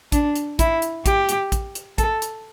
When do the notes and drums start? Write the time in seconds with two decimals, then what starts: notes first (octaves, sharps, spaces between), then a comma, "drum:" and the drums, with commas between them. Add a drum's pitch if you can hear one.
0.12 D4, drum: kick, hi-hat
0.36 drum: hi-hat
0.59 E4, drum: kick, hi-hat
0.82 drum: hi-hat
1.06 G4, drum: kick, hi-hat
1.29 drum: hi-hat
1.52 drum: kick, hi-hat
1.75 drum: hi-hat
1.98 A4, drum: kick, hi-hat
2.22 drum: hi-hat